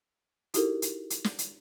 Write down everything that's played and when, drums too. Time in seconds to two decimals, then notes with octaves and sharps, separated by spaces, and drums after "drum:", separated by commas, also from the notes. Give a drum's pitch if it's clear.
0.54 D#4 E4 F#4 G4 A4 A#4, drum: hi-hat
0.82 drum: hi-hat
1.10 drum: hi-hat
1.24 drum: snare
1.39 drum: hi-hat